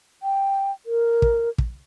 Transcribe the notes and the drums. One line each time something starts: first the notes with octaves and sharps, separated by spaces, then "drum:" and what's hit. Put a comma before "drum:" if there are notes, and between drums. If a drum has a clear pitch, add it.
G5
A#4
drum: kick
drum: kick